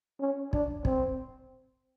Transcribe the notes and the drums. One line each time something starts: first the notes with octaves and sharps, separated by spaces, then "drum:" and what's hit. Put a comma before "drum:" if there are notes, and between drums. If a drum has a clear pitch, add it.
C#4
D4, drum: kick
C4, drum: kick